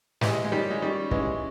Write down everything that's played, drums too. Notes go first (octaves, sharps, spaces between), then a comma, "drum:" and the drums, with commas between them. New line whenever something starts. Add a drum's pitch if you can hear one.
E3 G#3 G4, drum: snare
G#3
D#3 G3 C#5
G#3
D#3 G3 C#4
E3 G#3 C#4, drum: kick